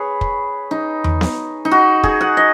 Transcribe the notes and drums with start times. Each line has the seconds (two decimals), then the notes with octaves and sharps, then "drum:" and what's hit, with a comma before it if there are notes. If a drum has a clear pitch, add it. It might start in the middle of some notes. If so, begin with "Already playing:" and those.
Already playing: G#4 B4 C#5
0.21 drum: kick
0.71 D#4
1.04 drum: tom E2
1.21 drum: snare B3
1.65 D#4
1.71 F#4
2.04 G#4, drum: kick
2.21 F#5
2.37 D#5